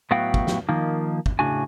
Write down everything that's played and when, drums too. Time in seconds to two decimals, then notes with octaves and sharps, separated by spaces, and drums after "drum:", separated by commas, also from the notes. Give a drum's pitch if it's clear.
0.11 A2 F#3 B3 F#4 F5 G5
0.34 drum: kick
0.47 drum: snare
0.69 D#3 F3 A#3 D#4
1.26 drum: kick
1.39 A2 C#3 D4 F#4 G#5